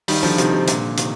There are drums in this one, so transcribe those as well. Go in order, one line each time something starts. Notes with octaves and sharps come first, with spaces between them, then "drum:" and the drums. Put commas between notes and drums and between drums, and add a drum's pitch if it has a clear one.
D#3 G3, drum: open hi-hat
D3 F3
C3 D#3, drum: hi-hat
C3
A#2 D3, drum: hi-hat
C3 D#3, drum: hi-hat